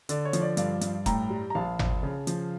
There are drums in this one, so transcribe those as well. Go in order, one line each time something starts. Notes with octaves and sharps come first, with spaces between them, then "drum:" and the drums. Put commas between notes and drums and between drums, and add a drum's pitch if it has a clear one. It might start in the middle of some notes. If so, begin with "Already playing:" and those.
D3 D5, drum: hi-hat
C#5
F3, drum: hi-hat
D5
G2 D5 F5, drum: hi-hat
G2, drum: hi-hat
A2 G5 A#5, drum: kick, hi-hat
G3
A#5
A#1 F5 A5
A#1, drum: tom G#1
C#3
F3, drum: hi-hat